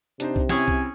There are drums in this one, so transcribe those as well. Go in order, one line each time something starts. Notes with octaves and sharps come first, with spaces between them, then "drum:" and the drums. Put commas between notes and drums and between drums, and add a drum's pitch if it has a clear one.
C3 D4 D#4 C5, drum: hi-hat
drum: kick C2
C4 C#4 E4 G#4 C#5 G#5, drum: snare
drum: kick C2